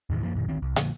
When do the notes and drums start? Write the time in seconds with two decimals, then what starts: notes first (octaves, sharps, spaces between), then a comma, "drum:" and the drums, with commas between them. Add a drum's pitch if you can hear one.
0.10 E2 A2 D#3 E3
0.21 F#2 F3 A#3
0.35 F#2 A#2 D#3
0.48 D2 D#3 C4
0.62 C2
0.76 A#2 D3 F3 A#3, drum: hi-hat